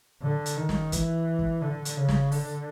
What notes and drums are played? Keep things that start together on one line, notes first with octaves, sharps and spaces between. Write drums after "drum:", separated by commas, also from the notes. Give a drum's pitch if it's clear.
D3
drum: hi-hat
D#3
drum: snare
E3, drum: kick, hi-hat
drum: kick
D3
drum: hi-hat
C#3
drum: snare
D3, drum: open hi-hat